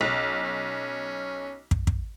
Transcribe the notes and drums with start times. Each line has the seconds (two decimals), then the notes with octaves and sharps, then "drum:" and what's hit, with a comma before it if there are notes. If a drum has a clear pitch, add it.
0.01 B1 C#4
0.43 C#4
1.71 drum: kick
1.87 drum: kick